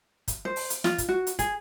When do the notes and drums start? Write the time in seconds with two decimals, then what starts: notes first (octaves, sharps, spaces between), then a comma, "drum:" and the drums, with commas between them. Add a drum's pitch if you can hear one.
0.28 drum: kick, hi-hat
0.45 C5
0.56 drum: open hi-hat
0.70 drum: hi-hat
0.84 F4, drum: snare
0.98 drum: kick, hi-hat
1.09 F#4
1.27 drum: hi-hat
1.39 G#4, drum: kick, hi-hat